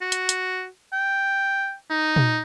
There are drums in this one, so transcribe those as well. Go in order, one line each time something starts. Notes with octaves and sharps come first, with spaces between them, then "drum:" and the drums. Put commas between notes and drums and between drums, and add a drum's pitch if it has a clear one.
F#4
drum: hi-hat
drum: hi-hat
G5
D#4
drum: tom A#2